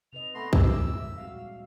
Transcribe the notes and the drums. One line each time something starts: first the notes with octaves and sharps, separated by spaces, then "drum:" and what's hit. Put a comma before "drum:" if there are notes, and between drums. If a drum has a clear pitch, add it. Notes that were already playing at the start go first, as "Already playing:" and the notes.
C3 B4 D#5 F7
A3 B3 C6 A#6
F3 G#3 C4 D6 E6, drum: kick
E5
A#2 G3 F#4 F5